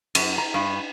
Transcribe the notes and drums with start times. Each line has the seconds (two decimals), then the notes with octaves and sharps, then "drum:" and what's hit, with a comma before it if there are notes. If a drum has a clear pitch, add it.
0.15 F#2, drum: cymbal
0.38 A#5
0.54 G2